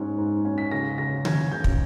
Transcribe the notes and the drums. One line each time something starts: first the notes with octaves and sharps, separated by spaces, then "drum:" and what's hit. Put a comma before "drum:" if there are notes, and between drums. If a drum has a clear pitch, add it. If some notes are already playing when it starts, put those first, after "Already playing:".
Already playing: G#2 C#4
G#2
C#4
B6
C#3 A#6
C#3 A#6
C#4 G#6, drum: tom D3
C#3 G6
drum: kick